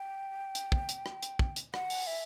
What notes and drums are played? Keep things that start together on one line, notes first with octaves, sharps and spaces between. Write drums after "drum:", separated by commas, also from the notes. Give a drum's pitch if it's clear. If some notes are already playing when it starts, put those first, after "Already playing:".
Already playing: G5
drum: hi-hat
drum: kick
drum: hi-hat
drum: rim click
drum: hi-hat
drum: kick
drum: hi-hat
F#5, drum: rim click
drum: open hi-hat
E5